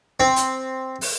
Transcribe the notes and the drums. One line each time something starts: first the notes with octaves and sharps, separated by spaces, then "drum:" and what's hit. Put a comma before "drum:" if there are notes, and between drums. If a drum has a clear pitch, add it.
C4
drum: hi-hat
drum: open hi-hat